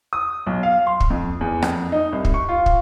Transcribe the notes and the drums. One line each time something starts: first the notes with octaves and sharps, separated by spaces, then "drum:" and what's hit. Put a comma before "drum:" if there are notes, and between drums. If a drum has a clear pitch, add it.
D#6
B1
F5
C6
drum: kick
F2
E2
F2, drum: rim click
D#4
C2
drum: kick
C#6
F4
drum: kick